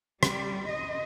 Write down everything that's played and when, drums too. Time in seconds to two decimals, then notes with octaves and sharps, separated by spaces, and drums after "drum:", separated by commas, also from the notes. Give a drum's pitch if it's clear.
0.23 G3, drum: rim click
0.67 D#5